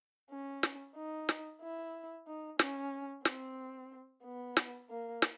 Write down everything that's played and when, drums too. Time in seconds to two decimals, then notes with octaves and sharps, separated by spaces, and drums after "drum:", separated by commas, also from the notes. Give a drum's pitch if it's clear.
0.30 C#4
0.63 drum: snare
0.96 D#4
1.29 drum: snare
1.61 E4
2.27 D#4
2.59 C#4, drum: snare
3.25 C4, drum: snare
4.24 B3
4.57 drum: snare
4.90 A#3
5.22 drum: snare